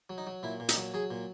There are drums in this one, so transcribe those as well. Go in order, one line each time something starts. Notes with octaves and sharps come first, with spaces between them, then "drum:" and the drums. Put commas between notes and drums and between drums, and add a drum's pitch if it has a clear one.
F#3
D#4
F#3
A#2 E4
A#2
D#4, drum: hi-hat
F#3
F#3 G#4
A#2